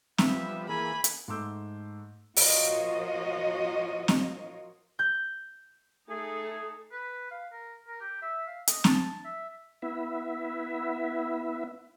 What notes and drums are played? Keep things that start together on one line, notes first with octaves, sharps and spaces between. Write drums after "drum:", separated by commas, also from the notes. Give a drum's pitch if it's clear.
F3 G3 B3 E5, drum: snare C4
E3 A#3 G#4 G#5 B5
drum: hi-hat
G#2 A3 C6 D6 E6 G6
F3 F4 F#4 A#4 C#5 D#5, drum: open hi-hat
drum: snare C4
G6
A3 D#4 G#4 A4
B4
F5
A#4
A#4
G4
E5
F5
D#5, drum: hi-hat
A5, drum: snare C4
E5
B3 E4 E5